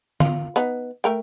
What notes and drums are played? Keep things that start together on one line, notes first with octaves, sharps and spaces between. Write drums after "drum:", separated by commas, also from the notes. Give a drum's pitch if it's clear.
F4, drum: tom D3
B3 D#4, drum: hi-hat
A3 A#4 G5